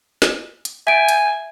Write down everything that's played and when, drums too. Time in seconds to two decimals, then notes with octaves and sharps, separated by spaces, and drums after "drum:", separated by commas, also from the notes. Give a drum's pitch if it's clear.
0.22 drum: snare
0.65 drum: hi-hat
0.87 E5 G#5 D7
1.08 drum: hi-hat